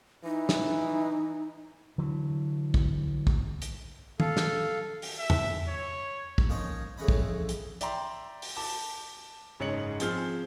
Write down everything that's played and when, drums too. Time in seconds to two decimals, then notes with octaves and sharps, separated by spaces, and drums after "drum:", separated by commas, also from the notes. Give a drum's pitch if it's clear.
0.24 E3 D#4
0.49 drum: snare
1.98 D3 E3 F#3
2.74 drum: kick
3.27 drum: kick
3.62 drum: hi-hat
4.20 A4 F5, drum: tom
4.37 drum: snare
5.02 drum: open hi-hat
5.18 E5
5.30 drum: tom E2
5.67 C#5
6.38 drum: kick
6.49 F3 A#3 C#4 D#4 C#5 D#5
6.98 F2 C#3 E3 C#4 D#5 B5
7.08 drum: kick
7.49 drum: hi-hat
7.81 D5 E5 G5 A#5 C6, drum: hi-hat
8.42 drum: open hi-hat
8.56 A5 D6, drum: open hi-hat
9.60 F#1 G#2 C#5 D#5 C#7 F#7
10.00 F3 C4 G#4 F6 G7, drum: hi-hat